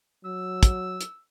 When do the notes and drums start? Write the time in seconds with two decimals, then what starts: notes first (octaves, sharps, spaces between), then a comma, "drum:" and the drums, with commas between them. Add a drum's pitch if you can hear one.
0.25 F#3 E6
0.63 drum: kick, hi-hat
1.01 drum: hi-hat